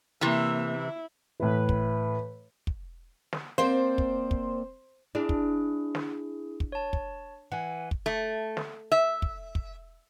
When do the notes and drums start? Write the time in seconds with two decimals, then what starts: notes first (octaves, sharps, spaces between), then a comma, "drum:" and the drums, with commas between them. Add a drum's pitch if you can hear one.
0.21 C3 E3 A#3 E5
0.76 E4
1.40 A2 E3 B4
1.69 drum: kick
2.67 drum: kick
3.33 drum: snare
3.58 A#3 C4 C5 D5
3.98 drum: kick
4.31 drum: kick
5.15 D4 E4 G#4
5.29 drum: kick
5.95 drum: snare
6.60 drum: kick
6.72 C#5 A5
6.93 drum: kick
7.52 E3 F#5 G#5
7.91 drum: kick
8.06 A3
8.57 drum: snare
8.92 E5
9.22 drum: kick
9.55 drum: kick